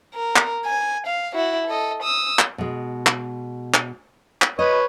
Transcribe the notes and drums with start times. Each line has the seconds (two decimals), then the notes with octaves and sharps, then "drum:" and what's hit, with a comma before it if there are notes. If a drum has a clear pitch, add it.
0.15 A#4
0.36 drum: clap
0.65 G#5
1.07 F5
1.35 E4 F#4
1.67 A4 D#5
2.03 D#6 E6
2.39 drum: clap
2.58 B2 G#3
3.07 drum: clap
3.74 drum: clap
4.42 drum: clap
4.59 B4 C#5 D#5